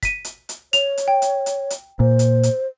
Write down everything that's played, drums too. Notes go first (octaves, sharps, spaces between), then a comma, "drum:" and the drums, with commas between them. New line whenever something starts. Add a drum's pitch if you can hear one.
B6 D#7, drum: kick, hi-hat
drum: hi-hat
drum: hi-hat
C#5 F7, drum: hi-hat
drum: hi-hat
G5
drum: hi-hat
drum: hi-hat
drum: hi-hat
A#2 C5
drum: hi-hat
drum: hi-hat